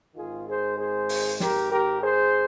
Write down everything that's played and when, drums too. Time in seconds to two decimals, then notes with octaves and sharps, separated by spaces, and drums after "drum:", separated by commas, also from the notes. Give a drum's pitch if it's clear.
0.16 G#1 G#2 D#3 F4 G#4
0.47 G#4 C5
0.78 G#4 C5
1.09 drum: open hi-hat
1.40 G4 A#4, drum: snare
1.71 G4 A#4
2.02 G#4 C5